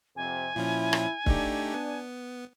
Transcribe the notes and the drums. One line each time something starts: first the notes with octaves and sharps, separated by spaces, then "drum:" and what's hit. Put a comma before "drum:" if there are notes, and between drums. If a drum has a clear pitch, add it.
F2 C3 G#5
A#2 F3 C#4 E4
drum: rim click
A3 D4 D#4 G4, drum: kick
B3